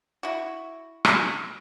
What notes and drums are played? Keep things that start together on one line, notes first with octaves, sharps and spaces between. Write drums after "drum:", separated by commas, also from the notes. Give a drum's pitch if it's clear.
E4 F#4
drum: rim click